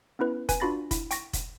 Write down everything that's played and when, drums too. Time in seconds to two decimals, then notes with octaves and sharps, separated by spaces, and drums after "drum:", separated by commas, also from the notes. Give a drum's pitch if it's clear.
0.19 B3 C#4 E4 B4
0.49 B4 G#5, drum: kick F1, hi-hat
0.60 D4 F4 F#4 B5 A6 A#6
0.91 E4, drum: kick F1, hi-hat
1.11 G5 C#6 A#6, drum: hi-hat
1.33 drum: kick F1, hi-hat